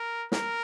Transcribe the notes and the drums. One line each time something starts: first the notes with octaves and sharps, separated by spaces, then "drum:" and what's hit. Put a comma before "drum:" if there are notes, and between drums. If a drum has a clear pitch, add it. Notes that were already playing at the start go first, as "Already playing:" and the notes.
Already playing: A#4
A#4, drum: snare